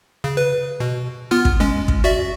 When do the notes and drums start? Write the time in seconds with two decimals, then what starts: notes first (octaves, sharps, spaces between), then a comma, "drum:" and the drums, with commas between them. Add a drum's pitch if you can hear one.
0.24 C#3
0.37 B4
0.80 B2
1.31 B3 F4 F6
1.45 drum: kick
1.60 G#3 C#4
1.88 drum: kick
2.04 F#4 D5 E5